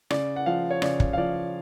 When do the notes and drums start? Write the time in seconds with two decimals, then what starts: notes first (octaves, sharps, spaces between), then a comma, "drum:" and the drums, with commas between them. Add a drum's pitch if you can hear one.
0.10 C#3 D5, drum: rim click
0.36 F#5
0.46 F3 F5
0.71 C#5
0.82 C#3 D5, drum: rim click
1.00 drum: kick
1.13 F5
1.17 F3 D5